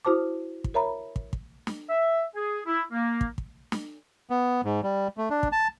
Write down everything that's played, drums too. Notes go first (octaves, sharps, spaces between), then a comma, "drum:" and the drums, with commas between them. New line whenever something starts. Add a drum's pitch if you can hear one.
E4 F#4 C5 A5 D6
drum: kick
A#4 C#5 E5 A#5 B5
drum: kick
drum: kick
drum: snare
E5
G#4
E4
A#3
drum: kick
drum: kick
drum: snare
B3
G#2
G3
A3
D4
drum: kick
A5